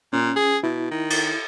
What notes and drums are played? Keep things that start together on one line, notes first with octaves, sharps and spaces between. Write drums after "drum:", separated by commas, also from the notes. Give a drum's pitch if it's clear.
A#2 C#4
G#4
B2 E4
D#3
drum: cymbal